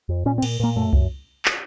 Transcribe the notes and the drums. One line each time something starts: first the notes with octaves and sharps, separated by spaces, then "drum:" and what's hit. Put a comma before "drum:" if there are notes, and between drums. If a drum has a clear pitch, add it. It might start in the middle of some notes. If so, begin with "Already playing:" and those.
F2
A#2 C#4
C4
A#2, drum: cymbal
A#2 A#3
F#2 A3
F#2, drum: kick C2
drum: clap